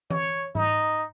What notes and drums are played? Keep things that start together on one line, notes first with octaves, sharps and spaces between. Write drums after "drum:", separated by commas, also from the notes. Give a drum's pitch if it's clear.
C#5, drum: tom E3
D#4, drum: tom G#2